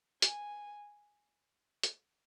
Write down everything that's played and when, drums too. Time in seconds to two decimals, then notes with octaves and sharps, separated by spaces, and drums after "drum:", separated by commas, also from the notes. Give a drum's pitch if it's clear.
0.22 G#5, drum: hi-hat
1.83 drum: hi-hat